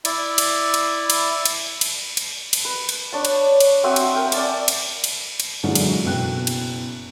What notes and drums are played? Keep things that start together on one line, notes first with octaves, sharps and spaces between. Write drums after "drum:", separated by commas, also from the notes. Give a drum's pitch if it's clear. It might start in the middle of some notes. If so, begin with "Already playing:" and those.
E4 D5, drum: cymbal
drum: cymbal
drum: cymbal
drum: cymbal
drum: cymbal
drum: cymbal
drum: cymbal
drum: cymbal
B4
drum: cymbal
D4 C#5 A5
drum: cymbal
drum: cymbal
C4 F#4 E5 D#6
drum: cymbal
A#4 G5
D5 G#5 A5 D6, drum: cymbal
drum: cymbal
drum: cymbal
drum: cymbal
F#2 A#2 D3 E3 F#3 G#3
drum: cymbal
F#1 B2 G5 F#6
drum: cymbal